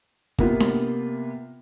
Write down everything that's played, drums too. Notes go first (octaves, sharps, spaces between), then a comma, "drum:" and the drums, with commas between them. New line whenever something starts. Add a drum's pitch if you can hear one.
C3 A#3 B3 F4, drum: kick
drum: snare D4